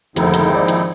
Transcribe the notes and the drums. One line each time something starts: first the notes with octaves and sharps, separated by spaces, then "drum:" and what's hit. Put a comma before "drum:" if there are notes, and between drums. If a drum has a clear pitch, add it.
F1 D#2 G#2 D3 C4 D#4 E4, drum: hi-hat
drum: hi-hat
F3 D5
drum: hi-hat